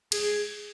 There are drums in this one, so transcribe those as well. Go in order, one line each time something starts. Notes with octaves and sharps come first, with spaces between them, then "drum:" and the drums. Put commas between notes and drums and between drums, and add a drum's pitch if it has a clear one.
G#4, drum: cymbal